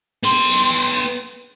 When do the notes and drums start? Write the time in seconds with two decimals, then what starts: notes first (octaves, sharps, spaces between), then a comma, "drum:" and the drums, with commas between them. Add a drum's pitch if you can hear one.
0.23 B3 C6, drum: hi-hat
0.66 drum: tambourine